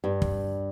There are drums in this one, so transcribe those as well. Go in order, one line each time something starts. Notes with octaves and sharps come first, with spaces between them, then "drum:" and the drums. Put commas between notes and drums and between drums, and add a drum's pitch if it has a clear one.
G2
drum: kick